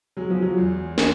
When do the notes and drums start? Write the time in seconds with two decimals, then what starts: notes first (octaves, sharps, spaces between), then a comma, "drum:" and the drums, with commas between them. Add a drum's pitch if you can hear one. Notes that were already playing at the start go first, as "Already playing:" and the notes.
0.17 F#3 G#3
0.30 F3
0.42 F#3
0.58 E2
0.98 E3, drum: snare